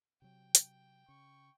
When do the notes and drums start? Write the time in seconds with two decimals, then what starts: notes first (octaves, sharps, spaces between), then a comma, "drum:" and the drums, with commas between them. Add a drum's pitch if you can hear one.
0.22 C3 F#3 G5
0.55 drum: hi-hat
1.08 C#3 C#6